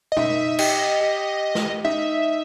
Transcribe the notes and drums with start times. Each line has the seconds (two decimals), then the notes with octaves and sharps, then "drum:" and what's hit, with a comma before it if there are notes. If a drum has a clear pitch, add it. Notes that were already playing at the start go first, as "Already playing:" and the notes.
0.12 D#5
0.17 D#4 E5, drum: tom
0.59 G4 D#5, drum: cymbal
1.01 G4
1.55 drum: snare
1.84 D#4 E5